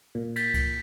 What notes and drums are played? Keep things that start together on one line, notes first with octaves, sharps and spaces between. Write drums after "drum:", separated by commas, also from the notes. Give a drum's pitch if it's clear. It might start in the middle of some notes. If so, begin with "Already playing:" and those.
A#2
G6 A6 B6, drum: cymbal
drum: kick, cymbal